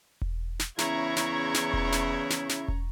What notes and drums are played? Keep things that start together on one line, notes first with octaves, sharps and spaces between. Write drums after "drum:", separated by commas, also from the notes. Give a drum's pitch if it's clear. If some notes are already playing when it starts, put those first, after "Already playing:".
drum: kick E1
drum: snare
E2 C#3 C#4 E4 A#5 C#6 G#6, drum: snare
drum: snare
drum: snare
drum: kick E1
drum: snare
drum: snare
drum: snare
drum: kick E1